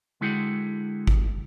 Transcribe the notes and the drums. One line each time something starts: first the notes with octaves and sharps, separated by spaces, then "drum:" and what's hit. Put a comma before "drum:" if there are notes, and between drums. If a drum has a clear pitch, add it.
D3 G#3 E4 F#4 G#4 G5
drum: kick G#1